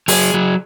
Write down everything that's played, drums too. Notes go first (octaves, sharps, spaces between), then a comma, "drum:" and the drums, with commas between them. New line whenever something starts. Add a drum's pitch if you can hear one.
F#3 G#4, drum: open hi-hat
F#3